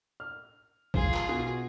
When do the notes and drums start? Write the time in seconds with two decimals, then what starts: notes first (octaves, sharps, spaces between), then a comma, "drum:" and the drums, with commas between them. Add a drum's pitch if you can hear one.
0.20 F6
0.94 F4 G#4, drum: kick A#1
1.14 drum: clap
1.29 B2